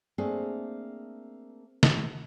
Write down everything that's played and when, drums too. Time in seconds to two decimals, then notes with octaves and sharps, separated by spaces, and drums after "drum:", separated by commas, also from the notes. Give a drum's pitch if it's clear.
0.18 A3 A#3 C4 D4 G#4 C5
1.83 drum: snare